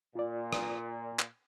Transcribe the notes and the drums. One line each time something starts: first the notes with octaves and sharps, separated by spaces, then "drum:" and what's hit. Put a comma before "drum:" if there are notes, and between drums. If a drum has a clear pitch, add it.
A#2 F4 D5
drum: rim click
drum: clap